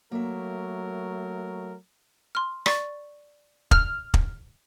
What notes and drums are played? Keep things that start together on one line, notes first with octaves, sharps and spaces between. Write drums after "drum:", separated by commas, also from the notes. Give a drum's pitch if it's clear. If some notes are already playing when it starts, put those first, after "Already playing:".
F#3 A3 A#3 A#4 E5
C6 F6
D5 C#6 A6, drum: rim click
F6, drum: kick
drum: kick